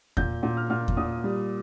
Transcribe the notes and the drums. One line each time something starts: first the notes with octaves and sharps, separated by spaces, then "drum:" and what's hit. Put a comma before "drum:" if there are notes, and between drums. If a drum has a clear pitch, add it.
A#2 G6, drum: kick E2
A#2
F6
A#2 F6
drum: kick E2
A#2 D#6
G3